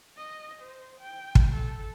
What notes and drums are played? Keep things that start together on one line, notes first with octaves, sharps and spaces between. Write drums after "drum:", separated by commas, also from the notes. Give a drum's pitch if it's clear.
D#5
C5
G5
drum: kick
A4